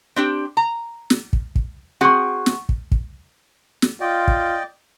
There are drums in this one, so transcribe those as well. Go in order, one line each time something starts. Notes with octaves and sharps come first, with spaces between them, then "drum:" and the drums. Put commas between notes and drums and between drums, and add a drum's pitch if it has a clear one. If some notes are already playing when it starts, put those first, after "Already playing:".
C4 D4 G4
A#5
drum: snare
drum: kick
drum: kick
C4 F#4 G#4 F#5 C#6
drum: snare
drum: kick
drum: kick
drum: snare
F4 D5 D#5 G5
drum: kick